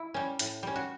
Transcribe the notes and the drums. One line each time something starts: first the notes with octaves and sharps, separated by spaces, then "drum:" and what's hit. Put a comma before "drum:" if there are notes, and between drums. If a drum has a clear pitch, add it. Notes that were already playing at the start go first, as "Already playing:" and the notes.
Already playing: E4
G3 C#4
A2, drum: hi-hat
G3 C#4
F#4